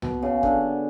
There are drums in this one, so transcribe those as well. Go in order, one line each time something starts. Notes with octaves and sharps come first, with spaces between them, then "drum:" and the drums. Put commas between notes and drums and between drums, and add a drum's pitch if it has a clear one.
B2, drum: tom C2
C#3
D3, drum: kick